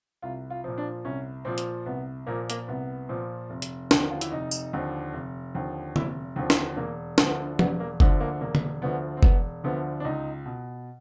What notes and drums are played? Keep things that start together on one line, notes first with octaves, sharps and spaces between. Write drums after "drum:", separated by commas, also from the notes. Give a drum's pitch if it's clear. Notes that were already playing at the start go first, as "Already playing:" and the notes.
C2 F4
F4
A#2 F3
D4
C2 C#4
A#2 F3 C4
drum: hi-hat
C2 B3
A#2 F3 A#3
A#3, drum: hi-hat
C2 B3
A#2 F3
F1
drum: hi-hat
D#2 D3 F3, drum: snare
F4
E4, drum: hi-hat
F1 D#4
drum: tambourine
D#2 D3 F3
F1
D#2 D3 F3
F1 E4, drum: tom D3
D#2 D3 F3
E4, drum: snare
E1 A#3
D2 D3 F3 B3, drum: snare
E1 B3, drum: tom F3
A#3
D2 D3 F3, drum: kick F#1
A#3
E1 A#3
drum: tom D3
D2 D3 F3 B3
C4
E1 B3, drum: kick F#1
D2 D3 F3 B3
D4
C#2 D#4
B2